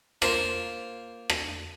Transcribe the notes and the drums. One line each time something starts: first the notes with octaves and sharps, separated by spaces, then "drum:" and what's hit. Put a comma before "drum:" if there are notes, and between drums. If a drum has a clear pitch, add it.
A#3 F4 C5, drum: rim click
drum: rim click